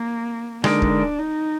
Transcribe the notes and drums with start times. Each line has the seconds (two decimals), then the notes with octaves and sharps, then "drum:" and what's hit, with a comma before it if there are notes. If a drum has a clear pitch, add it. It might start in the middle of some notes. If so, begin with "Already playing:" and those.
Already playing: A#3
0.64 D3 G#3 D4 D#4 A#4, drum: rim click
0.82 drum: kick
1.18 D#4